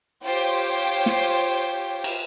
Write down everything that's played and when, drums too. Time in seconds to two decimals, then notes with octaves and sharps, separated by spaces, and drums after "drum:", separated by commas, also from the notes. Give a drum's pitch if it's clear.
0.25 F4 G4 C5 C#5 G5
1.06 drum: snare
2.04 drum: cymbal